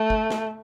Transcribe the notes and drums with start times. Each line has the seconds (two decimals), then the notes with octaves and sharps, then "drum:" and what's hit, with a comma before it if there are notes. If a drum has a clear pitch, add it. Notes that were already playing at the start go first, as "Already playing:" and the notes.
Already playing: A3
0.10 drum: kick
0.30 drum: snare